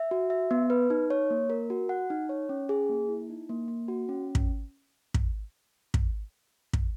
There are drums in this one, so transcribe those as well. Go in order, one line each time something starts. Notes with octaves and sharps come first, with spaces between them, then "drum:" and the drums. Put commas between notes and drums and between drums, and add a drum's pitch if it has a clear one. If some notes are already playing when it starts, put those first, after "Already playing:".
Already playing: E5
F#4
E5
B3
B4
D#4
C#5
A#3
A#4
F#4
F#5
D#4
C#5
C#4
G#4
A#3
E4
D#4
A#3
A#3
F#4
C#4
drum: kick
drum: kick
drum: kick
drum: kick